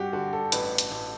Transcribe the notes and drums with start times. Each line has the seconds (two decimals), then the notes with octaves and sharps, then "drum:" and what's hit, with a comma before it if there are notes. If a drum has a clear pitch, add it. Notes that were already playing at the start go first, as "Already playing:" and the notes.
Already playing: G2 F#4 G4
0.13 D3 F#4
0.33 A4
0.52 A1 B4, drum: hi-hat
0.78 drum: hi-hat
0.91 A1